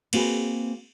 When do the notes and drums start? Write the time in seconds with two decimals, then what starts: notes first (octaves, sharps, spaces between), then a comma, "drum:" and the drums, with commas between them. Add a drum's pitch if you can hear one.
0.13 A#3 C4 F#4 G#4 B4, drum: cymbal